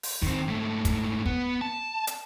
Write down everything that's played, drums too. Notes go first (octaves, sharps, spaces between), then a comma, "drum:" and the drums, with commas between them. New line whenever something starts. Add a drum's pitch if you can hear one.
drum: open hi-hat
D#3 C4, drum: kick
G#2 A3
drum: kick, hi-hat
B3, drum: kick
A5
drum: hi-hat